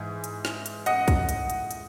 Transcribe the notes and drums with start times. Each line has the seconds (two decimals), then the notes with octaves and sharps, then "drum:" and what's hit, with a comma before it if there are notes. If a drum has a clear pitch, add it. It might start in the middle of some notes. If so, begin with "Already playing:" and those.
Already playing: G#2 E3
0.24 drum: hi-hat
0.45 drum: snare
0.66 drum: hi-hat
0.86 D#5 F#5, drum: hi-hat
1.08 drum: kick, hi-hat
1.29 drum: hi-hat
1.50 drum: hi-hat
1.71 drum: hi-hat